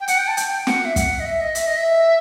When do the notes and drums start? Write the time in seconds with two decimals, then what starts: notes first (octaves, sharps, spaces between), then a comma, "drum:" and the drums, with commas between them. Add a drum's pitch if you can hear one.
0.01 G5
0.08 F#5, drum: hi-hat
0.18 G5
0.28 A5
0.37 G5, drum: hi-hat
0.52 G5
0.67 F#5, drum: snare
0.85 E5
0.96 F#5, drum: kick, hi-hat
1.20 D#5
1.26 E5
1.41 D#5
1.55 E5, drum: hi-hat
1.67 D#5
1.77 E5